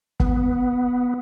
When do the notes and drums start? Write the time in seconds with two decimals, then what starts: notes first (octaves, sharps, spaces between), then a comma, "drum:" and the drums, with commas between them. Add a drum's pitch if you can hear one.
0.20 B3, drum: kick